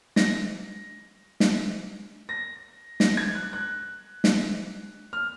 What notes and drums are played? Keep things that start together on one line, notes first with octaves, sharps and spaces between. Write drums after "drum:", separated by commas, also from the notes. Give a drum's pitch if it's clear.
A#6, drum: snare
drum: snare
A#6
A#6, drum: snare
G#6
F#6
F#6
drum: snare
F6